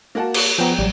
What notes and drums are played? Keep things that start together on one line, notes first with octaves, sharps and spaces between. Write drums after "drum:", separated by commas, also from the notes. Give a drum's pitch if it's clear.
A#3 F#4 A5
drum: cymbal
F3 B3 G5 A#5
A1 F#3 G3